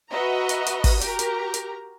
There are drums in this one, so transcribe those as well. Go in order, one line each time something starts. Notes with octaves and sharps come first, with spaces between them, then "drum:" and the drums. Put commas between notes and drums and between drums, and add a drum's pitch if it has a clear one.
F#4 B4 D#5 E5 F#5 A#5
drum: hi-hat
drum: hi-hat
drum: kick, open hi-hat
F#4 G4 A#4 A#5, drum: hi-hat
drum: hi-hat
drum: hi-hat